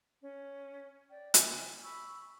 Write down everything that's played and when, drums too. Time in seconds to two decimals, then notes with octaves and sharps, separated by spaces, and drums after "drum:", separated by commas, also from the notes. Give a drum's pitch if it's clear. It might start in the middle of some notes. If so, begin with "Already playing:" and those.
0.22 C#4
1.09 D5 G5
1.34 G#5, drum: hi-hat
1.84 B5 C#6 E6